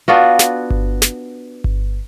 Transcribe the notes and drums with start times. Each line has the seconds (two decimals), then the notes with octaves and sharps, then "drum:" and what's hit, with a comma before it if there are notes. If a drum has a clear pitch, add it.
0.08 B3 D4 F4 F#4
0.39 drum: snare
0.70 drum: kick G1
1.02 drum: snare
1.64 drum: kick G1